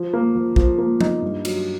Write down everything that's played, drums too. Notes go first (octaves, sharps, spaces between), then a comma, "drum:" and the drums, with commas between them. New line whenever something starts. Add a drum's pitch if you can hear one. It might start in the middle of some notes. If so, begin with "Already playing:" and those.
Already playing: F3
A#3
F3
F3, drum: kick
A#3
D#4, drum: tom F3
G2
F#3, drum: cymbal